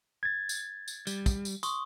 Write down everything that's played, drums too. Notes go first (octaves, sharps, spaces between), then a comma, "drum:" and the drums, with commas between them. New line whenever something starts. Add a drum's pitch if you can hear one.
G#6 A6
drum: tambourine
drum: tambourine
G3, drum: tambourine
drum: kick, tambourine
drum: tambourine
C6 C#6 D#6, drum: tambourine